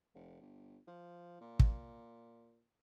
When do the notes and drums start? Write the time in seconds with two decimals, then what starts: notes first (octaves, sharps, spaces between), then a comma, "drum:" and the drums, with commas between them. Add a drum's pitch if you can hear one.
0.14 F1
0.41 G1
0.87 F3
1.41 A#2
1.59 drum: kick